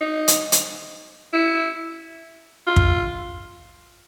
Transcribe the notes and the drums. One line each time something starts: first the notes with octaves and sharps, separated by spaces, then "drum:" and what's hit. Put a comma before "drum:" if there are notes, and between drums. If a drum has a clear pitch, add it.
D#4
drum: hi-hat
drum: hi-hat
E4
F4
drum: kick